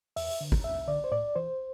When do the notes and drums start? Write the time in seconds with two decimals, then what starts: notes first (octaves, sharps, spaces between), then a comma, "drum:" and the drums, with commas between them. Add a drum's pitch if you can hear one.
0.16 E2 E5, drum: open hi-hat
0.41 D3
0.52 drum: kick
0.64 E2 E5
0.88 D3 D5
1.04 C5
1.12 A2 D5
1.35 E3 C5